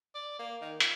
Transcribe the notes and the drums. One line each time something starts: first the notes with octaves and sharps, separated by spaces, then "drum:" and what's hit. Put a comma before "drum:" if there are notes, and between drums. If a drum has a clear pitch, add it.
D5
A#3
D#3
F4, drum: hi-hat